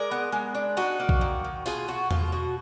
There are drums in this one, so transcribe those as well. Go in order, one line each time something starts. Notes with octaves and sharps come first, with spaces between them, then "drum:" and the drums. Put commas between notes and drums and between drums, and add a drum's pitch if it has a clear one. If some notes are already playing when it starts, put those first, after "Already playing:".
Already playing: G#3 A#4 D5
B3
G#3
D4
D#4 F#4
A#3
drum: kick B1
D#3
D#3
B2 F4 G#4, drum: tambourine
B2 F#4
B2 F4, drum: tom E2
B2 F#4